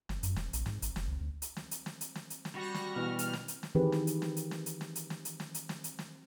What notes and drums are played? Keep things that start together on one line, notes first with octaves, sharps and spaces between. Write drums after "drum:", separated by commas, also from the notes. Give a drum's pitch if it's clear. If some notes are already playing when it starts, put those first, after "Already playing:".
G1, drum: snare
F#2, drum: hi-hat
E1, drum: snare
A#1, drum: hi-hat
G#2, drum: snare
G#1, drum: hi-hat
F1, drum: snare
C#2
D2
drum: hi-hat
drum: snare
drum: hi-hat
drum: snare
drum: hi-hat
drum: snare
drum: hi-hat
drum: snare
G3 F#4 C#6 A#6
drum: snare
B2 E3 F6
drum: hi-hat
drum: snare
drum: hi-hat
drum: snare
D#3 E3 C4 G4 G#4 B4
drum: snare
drum: hi-hat
drum: snare
drum: hi-hat
drum: snare
drum: hi-hat
drum: snare
drum: hi-hat
drum: snare
drum: hi-hat
drum: snare
drum: hi-hat
drum: snare
drum: hi-hat
drum: snare